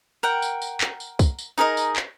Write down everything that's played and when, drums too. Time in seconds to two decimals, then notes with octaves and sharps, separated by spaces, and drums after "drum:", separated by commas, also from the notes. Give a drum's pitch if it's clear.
0.23 A#4 F#5 G5
0.42 drum: tambourine
0.62 drum: tambourine
0.81 drum: clap
1.00 drum: tambourine
1.19 drum: kick, tambourine
1.39 drum: tambourine
1.58 D#4 G#4 A#4 D#5
1.77 drum: tambourine
1.96 drum: clap